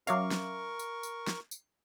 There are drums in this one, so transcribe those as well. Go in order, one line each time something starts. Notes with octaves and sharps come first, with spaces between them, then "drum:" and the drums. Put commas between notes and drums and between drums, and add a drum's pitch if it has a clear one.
F#3 C#4 A#4 E5 F5 C#6 D6, drum: tambourine
drum: snare
drum: tambourine
drum: tambourine
drum: snare
drum: tambourine